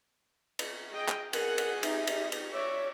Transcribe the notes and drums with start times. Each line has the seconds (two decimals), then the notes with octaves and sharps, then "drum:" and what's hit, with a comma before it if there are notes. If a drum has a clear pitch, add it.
0.59 drum: cymbal
0.91 G#4 D#5 G5
1.08 drum: clap
1.33 G#4 A#4 F#5, drum: cymbal
1.58 drum: cymbal
1.83 D#4 G4 E5, drum: cymbal
2.07 drum: cymbal
2.32 drum: cymbal
2.53 F#4 C#5 D5 E5